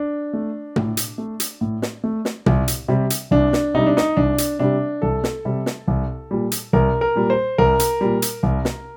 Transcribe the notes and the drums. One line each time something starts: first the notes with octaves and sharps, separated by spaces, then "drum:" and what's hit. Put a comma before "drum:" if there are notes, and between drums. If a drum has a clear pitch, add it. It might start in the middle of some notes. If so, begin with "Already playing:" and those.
Already playing: D4
A3
A2, drum: tom A#2
drum: hi-hat
A3
drum: hi-hat
A2
drum: snare
A3
drum: snare
C2, drum: tom A#2
drum: hi-hat
C3 G3
drum: hi-hat
C2 D4
drum: snare
C3 G3 D#4
D4
D#4, drum: snare
C2 D4
drum: hi-hat
C3 G3 D4
C2 A4
drum: snare
C3 G3
drum: snare
C2
A#2 G3
drum: hi-hat
C2 A#4
A#4
A#2 G3
C5
C2 A#4
drum: hi-hat
A#2 G3
drum: hi-hat
C2
drum: snare